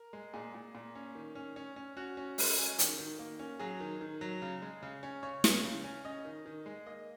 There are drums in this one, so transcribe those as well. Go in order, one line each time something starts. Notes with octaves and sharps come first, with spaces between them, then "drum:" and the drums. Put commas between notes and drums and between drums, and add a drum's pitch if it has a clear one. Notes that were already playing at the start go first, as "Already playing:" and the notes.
Already playing: A#4
G#3
A#2 G#4
A#2
A#2
C#4
D#3
C#4
C#4
C#4
C#4 F#4
C#4
G#3, drum: open hi-hat
C#4
D#3, drum: hi-hat
D#3
A#3
C#4
F#3 G#4
D#3
D#3
F#3
C#3
G#3
C#3
C#4
C#3 C#5
C#4, drum: snare
C#3
C#4
C#4 D#5
D#3
D#3
G#3
A#3 D#5